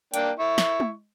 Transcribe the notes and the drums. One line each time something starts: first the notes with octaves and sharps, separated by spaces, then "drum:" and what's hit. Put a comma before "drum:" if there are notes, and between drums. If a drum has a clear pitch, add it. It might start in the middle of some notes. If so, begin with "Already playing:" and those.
A#3 D4 G5, drum: hi-hat
E4 C#6
drum: snare
drum: tom G#3